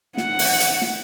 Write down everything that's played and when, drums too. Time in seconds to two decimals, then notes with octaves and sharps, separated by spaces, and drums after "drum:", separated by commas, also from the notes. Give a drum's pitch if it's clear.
0.18 F#5, drum: snare
0.39 drum: open hi-hat
0.60 drum: hi-hat
0.82 drum: snare